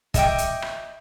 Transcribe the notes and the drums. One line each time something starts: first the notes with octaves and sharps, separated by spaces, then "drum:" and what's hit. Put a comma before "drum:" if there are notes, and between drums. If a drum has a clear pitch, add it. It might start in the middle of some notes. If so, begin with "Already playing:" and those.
D#5 E5 G5 D6, drum: kick, hi-hat
drum: hi-hat
drum: rim click